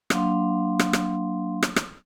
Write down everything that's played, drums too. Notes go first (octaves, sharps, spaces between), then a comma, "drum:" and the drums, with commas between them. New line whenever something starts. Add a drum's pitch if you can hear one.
F#3 A#3 D4 F5 C6, drum: rim click
drum: rim click
drum: rim click
drum: rim click
drum: rim click